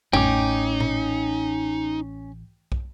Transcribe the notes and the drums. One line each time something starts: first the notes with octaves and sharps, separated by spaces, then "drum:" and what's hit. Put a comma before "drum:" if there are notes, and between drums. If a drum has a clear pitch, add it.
A1 C#4 D#4 G5 D6, drum: tom F2
drum: tom A#2
drum: kick